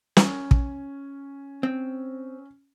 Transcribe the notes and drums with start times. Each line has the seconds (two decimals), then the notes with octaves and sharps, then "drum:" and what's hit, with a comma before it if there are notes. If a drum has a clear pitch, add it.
0.17 C#4, drum: snare
0.51 drum: kick
1.63 C4